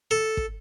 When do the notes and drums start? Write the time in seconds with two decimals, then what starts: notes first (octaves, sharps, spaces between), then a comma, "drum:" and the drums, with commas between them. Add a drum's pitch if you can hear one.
0.11 A4
0.37 drum: kick